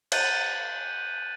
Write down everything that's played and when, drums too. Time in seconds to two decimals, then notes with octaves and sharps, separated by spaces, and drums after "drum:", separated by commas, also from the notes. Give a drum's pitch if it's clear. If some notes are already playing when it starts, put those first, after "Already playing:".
0.12 F#6 G6 A6 D#7 F#7, drum: cymbal